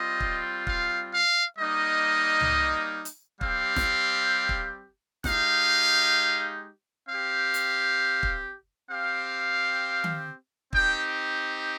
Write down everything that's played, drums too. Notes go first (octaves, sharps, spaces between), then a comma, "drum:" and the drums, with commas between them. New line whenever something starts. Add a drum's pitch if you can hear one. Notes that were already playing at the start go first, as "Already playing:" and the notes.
Already playing: G3 C4 F4 D#5
drum: kick
F5, drum: kick
F5
G3 A#3 D#4 D#5
drum: tom C#2
drum: hi-hat
G3 C4 G4 F5, drum: kick
drum: snare
drum: kick
G#3 D#4 G4 F5, drum: snare
C4 G4 F5
drum: hi-hat
drum: kick
C4 G4 F5
drum: tom D#3
C4 D#4 G4 G5, drum: kick